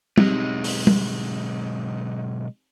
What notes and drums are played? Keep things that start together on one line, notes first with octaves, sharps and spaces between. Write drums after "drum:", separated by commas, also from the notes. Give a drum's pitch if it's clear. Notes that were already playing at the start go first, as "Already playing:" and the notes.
B1 G#3 C4 D#4 G4, drum: tom
drum: open hi-hat
drum: tom